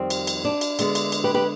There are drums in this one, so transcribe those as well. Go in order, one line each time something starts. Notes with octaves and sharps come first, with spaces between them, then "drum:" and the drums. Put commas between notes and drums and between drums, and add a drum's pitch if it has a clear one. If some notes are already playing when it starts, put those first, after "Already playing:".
Already playing: F2 D#3 G3 C4
drum: cymbal
drum: cymbal
D4
drum: cymbal
D3 G#3 B3, drum: cymbal
drum: cymbal
drum: cymbal
G4 B4
G4 B4